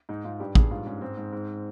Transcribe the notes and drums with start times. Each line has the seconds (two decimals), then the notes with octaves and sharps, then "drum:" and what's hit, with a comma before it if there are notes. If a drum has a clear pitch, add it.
0.09 G#2 D#4
0.24 G#2 F4
0.40 G2 G4
0.55 G2 G#4, drum: kick
0.71 G#2 F4
0.86 G#2 C#4
1.01 G#2 C4
1.17 G#2
1.32 G#2